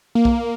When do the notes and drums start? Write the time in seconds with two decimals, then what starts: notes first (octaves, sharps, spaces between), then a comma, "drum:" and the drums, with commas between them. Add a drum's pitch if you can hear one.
0.15 A#3
0.25 drum: kick